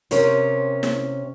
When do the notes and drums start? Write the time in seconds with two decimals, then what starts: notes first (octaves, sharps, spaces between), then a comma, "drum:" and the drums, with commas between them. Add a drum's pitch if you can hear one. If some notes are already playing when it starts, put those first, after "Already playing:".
0.11 C3 C#4 A#4 C5, drum: hi-hat
0.83 drum: snare